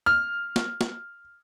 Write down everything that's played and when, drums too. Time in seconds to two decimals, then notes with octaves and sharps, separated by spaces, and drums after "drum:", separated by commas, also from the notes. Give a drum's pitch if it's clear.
0.06 F6
0.56 drum: snare
0.81 drum: snare